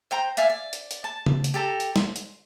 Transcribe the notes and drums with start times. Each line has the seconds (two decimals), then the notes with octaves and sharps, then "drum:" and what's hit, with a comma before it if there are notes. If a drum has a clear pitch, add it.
0.11 C5 G5 A#5
0.37 D5 E5 F5 G#5, drum: hi-hat
0.50 D5
0.73 drum: hi-hat
0.91 drum: hi-hat
1.04 A5
1.26 drum: tom C#3
1.44 drum: hi-hat
1.54 G4 A4 A5 A#5
1.80 drum: hi-hat
1.96 C6, drum: snare
2.16 drum: hi-hat